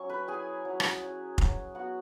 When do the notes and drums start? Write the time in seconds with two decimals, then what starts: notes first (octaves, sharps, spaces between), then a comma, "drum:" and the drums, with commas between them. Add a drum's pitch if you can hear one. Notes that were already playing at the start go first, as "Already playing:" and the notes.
Already playing: F#3 C#4 C#6
0.09 B4 B5
0.27 E4 G#4 G#5
0.65 F#3
0.80 drum: rim click
1.02 F#3
1.38 F#3, drum: kick F1
1.75 B3 F#4 F#5